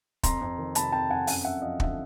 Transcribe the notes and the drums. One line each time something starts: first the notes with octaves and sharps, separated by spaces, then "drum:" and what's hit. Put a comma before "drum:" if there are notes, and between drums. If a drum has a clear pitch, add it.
F2 A#5 C6, drum: kick, hi-hat
F2
D#3
C3 A5 B5, drum: hi-hat
F2 G5 A5
F2 F#5 G#5
F#2 F#5 G#5, drum: open hi-hat
F#2 E5 F#5
F3 D#5 F5
D3 E5 F#5, drum: kick